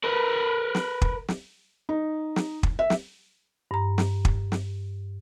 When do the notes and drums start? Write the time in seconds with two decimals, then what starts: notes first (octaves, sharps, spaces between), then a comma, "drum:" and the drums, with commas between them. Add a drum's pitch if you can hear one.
0.04 A#4 B4
0.75 drum: snare
1.02 drum: kick
1.28 drum: snare
1.89 D#4
2.36 drum: snare
2.63 drum: kick
2.79 E5
2.90 drum: snare
3.71 G2 A#5
3.98 drum: snare
4.25 drum: kick
4.52 drum: snare